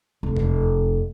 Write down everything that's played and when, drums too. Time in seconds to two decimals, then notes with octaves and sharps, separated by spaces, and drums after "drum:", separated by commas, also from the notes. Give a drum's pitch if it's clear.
0.23 F1
0.36 drum: tom E2